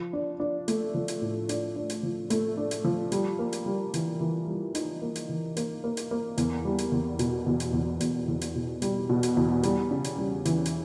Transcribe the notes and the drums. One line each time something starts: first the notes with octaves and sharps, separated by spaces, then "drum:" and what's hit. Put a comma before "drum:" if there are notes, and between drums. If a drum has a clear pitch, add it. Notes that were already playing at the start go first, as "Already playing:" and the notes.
Already playing: F3
D4
D4
A3, drum: hi-hat
F3
drum: hi-hat
A2
D4, drum: hi-hat
D4
drum: hi-hat
F3
A3, drum: hi-hat
D4
drum: hi-hat
F3
G3, drum: hi-hat
A#3
drum: hi-hat
G3
E3, drum: hi-hat
E3
G3
D#4, drum: hi-hat
A#3
drum: hi-hat
E3
A#3, drum: hi-hat
A#3
drum: hi-hat
A#3
E2, drum: hi-hat
G3
drum: hi-hat
E2
B2, drum: hi-hat
E2
drum: hi-hat
E2
E2, drum: hi-hat
E2
drum: hi-hat
B2
G3, drum: hi-hat
B2
drum: hi-hat
E2
G3, drum: hi-hat
C#3
drum: hi-hat
G3
E3, drum: hi-hat
drum: hi-hat